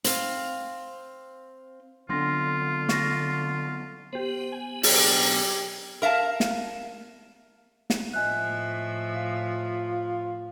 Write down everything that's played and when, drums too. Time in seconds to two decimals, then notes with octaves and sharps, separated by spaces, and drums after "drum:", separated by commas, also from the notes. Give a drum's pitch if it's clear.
0.04 C4 F5, drum: hi-hat
2.09 D3 F#3 B3 C4 D4 F4 C6 A#6
2.89 C#6 A6 A#6, drum: snare
4.13 B3 G4 C5
4.52 G#5
4.83 B1 D4 G4, drum: open hi-hat
6.02 A#4 E5 F5 A5
6.40 drum: snare
7.90 drum: snare
8.13 A2 F3 D#5 E5 G#5 F#6
9.16 F4